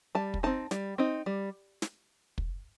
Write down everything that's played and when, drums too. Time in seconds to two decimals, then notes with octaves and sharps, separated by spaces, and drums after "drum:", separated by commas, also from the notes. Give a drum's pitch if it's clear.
0.15 G3 A5
0.34 drum: kick
0.43 C4 D#4 A5
0.71 G3, drum: snare
0.98 C4 D#4
1.26 G3
1.82 drum: snare
2.38 drum: kick